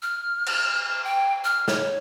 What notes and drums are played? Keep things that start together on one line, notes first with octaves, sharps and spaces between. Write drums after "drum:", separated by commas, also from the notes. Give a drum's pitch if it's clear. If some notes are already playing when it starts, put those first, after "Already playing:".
F6
drum: cymbal
G5
F6
C#5, drum: snare